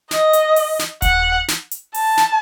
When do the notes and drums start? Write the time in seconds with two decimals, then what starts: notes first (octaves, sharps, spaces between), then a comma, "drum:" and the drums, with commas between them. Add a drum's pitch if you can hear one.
0.11 D#5, drum: snare
0.33 drum: hi-hat
0.56 drum: open hi-hat
0.79 drum: snare
1.02 F#5, drum: kick D#1, hi-hat
1.48 drum: snare
1.71 drum: hi-hat
1.94 A5, drum: open hi-hat
2.17 drum: snare